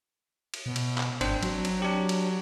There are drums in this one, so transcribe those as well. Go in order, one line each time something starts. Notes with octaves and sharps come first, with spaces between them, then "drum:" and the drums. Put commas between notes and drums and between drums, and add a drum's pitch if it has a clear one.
drum: cymbal
B2
drum: cymbal
drum: clap
G#1 C4 D4 C5, drum: cymbal
F#3, drum: cymbal
drum: cymbal
D4 G4
drum: cymbal